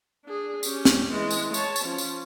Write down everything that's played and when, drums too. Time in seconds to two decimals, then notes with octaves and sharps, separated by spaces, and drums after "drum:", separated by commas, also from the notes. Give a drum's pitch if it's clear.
0.25 D4 G#4
0.63 C#4 G4, drum: tambourine
0.85 drum: snare
1.11 E3 G#3
1.31 drum: tambourine
1.54 C#5 A5, drum: tambourine
1.76 drum: tambourine
1.85 F3 C#4
1.98 drum: tambourine